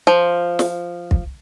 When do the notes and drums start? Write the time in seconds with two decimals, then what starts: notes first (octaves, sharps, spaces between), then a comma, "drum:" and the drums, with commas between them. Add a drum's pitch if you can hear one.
0.07 F3
0.59 drum: snare
1.11 drum: kick